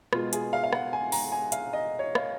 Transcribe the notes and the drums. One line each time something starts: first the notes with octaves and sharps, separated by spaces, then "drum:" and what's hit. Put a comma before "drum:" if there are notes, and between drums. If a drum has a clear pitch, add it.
B2 G#3 B3 F4, drum: rim click
G#4, drum: hi-hat
F5
F5
F#5, drum: rim click
G#5
A#5, drum: open hi-hat
G#5
F5, drum: hi-hat
D#5
C#5
F5, drum: rim click